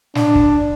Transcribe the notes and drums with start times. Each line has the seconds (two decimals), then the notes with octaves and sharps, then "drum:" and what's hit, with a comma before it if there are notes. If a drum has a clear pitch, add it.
0.15 D4, drum: snare
0.35 drum: kick